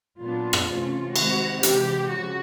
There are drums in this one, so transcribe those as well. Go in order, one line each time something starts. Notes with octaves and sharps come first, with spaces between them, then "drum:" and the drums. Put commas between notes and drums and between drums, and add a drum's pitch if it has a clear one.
A#2 F#3 B3 D4 F4
drum: rim click
C3 E3 A3 C#4
D#3 G#3 C4 F#4, drum: cymbal
C3 E3 G#3 G4, drum: hi-hat
C#3 F3 F#4